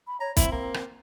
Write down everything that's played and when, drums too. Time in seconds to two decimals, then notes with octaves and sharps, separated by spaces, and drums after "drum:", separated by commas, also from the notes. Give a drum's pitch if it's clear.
0.07 B5
0.20 C#5 A#5
0.37 C4 E4, drum: kick, hi-hat
0.52 A#3
0.74 drum: rim click